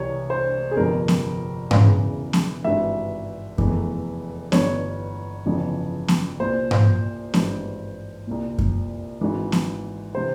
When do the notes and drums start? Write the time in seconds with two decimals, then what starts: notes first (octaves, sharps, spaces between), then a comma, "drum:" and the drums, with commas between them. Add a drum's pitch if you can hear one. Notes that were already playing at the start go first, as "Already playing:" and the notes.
Already playing: C2 C3 E3 C#5
0.30 C5
0.71 G#4
0.76 G1 F2 C3 A#4
1.08 drum: snare B3
1.71 E1 E2 C#3 E3, drum: tom G#2
2.33 drum: snare B3
2.64 G#1 G2 E3 E5
3.58 F1 E2 E3, drum: kick F#2
4.52 G1 G2 E3 C#5, drum: snare B3
5.46 G1 F2 C#3 E3
6.08 drum: snare B3
6.40 C2 A#2 C5
6.71 drum: tom G#2
7.34 G#1 G2 E3, drum: snare B3
8.27 C2 A#2
8.58 drum: kick F#2
9.21 G#1 G#2 E3
9.52 drum: snare B3
10.15 C3 E3 C5